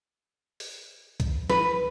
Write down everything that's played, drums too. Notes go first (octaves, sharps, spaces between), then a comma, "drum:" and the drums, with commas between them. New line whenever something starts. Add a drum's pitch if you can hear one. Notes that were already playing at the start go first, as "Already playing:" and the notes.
drum: open hi-hat
drum: kick, hi-hat
B4, drum: snare